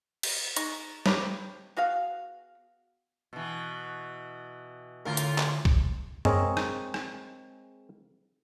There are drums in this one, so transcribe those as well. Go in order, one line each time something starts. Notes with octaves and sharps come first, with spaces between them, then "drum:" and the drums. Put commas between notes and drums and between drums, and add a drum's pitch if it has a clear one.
drum: cymbal
G#3 D#4 C#6, drum: hi-hat
G4 A#4 B4 C#5, drum: snare
C4
B3 F#4 G#4 F5
B2 E3
D2 A2 F4 A#4
drum: hi-hat
drum: clap
drum: kick
G#3 C4 G#4 A#4 C#5 D#5, drum: tom F#2
drum: rim click
drum: rim click